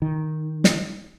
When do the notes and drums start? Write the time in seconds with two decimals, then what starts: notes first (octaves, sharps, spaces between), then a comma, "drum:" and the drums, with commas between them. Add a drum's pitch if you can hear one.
0.02 D#3
0.64 drum: snare